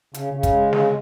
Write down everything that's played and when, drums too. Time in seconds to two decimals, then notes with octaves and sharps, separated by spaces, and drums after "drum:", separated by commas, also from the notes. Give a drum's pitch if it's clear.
0.14 C#3, drum: hi-hat
0.33 C#3
0.43 drum: kick, hi-hat
0.52 G#3
0.73 C#3, drum: snare